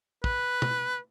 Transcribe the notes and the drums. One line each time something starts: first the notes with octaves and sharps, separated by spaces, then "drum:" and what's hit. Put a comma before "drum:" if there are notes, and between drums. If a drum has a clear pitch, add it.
B4, drum: kick
drum: tom